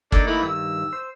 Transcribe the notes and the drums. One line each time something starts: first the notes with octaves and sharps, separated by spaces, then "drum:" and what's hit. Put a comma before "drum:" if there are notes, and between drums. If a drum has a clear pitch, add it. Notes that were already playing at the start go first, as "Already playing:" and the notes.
A#3 D4 D#4 A4, drum: kick
E3 A3 B5
G2 D#3 E6
C5